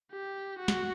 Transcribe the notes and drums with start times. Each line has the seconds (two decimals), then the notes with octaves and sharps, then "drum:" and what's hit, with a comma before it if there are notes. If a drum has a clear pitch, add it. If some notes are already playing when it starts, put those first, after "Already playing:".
0.12 G4
0.59 F#4
0.68 drum: snare